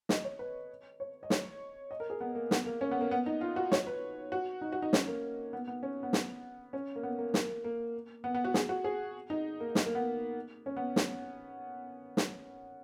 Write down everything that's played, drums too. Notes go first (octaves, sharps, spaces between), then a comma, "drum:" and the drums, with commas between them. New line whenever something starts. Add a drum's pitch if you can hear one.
D#5, drum: snare
C#5
B4
C#5
D#5
C#5, drum: snare
D#5
A#4
G#4
B3
A#3
B3, drum: snare
A#3
C#4
B3
A#3
B3
D#4
F4
F#4
C#5, drum: snare
B4
F#4
D#4
F#4
D#4
C#4, drum: snare
A#3
B3
B3
C#4
B3
drum: snare
C#4
A#3
B3
A#3
A#3, drum: snare
A#3
B3
B3
F#4
G#4, drum: snare
F#4
G#4
D#4
A#3
A#3, drum: snare
A#3
B3
C#4
B3
drum: snare
drum: snare